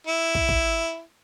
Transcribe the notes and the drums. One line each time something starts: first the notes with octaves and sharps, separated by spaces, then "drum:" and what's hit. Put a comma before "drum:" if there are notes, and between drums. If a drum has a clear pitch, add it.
E4
drum: kick
drum: kick